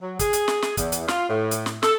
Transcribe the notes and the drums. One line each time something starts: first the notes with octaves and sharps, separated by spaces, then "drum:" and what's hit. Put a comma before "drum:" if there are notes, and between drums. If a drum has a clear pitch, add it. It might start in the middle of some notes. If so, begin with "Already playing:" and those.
F#3
G#4, drum: kick, hi-hat
drum: hi-hat
drum: snare
drum: snare
E2, drum: kick, hi-hat
drum: hi-hat
F4, drum: snare
A2
drum: hi-hat
drum: snare
A4, drum: snare